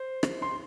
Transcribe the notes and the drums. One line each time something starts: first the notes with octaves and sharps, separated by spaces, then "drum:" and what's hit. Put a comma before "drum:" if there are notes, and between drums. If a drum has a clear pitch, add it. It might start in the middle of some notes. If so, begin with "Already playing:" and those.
Already playing: C5
drum: rim click
C6